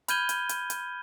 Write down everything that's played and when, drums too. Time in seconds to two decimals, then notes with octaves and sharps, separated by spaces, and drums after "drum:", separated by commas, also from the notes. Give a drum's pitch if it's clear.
0.08 B5 F6 G6 G#6 D#7 G7, drum: hi-hat
0.29 drum: hi-hat
0.49 drum: hi-hat
0.70 drum: hi-hat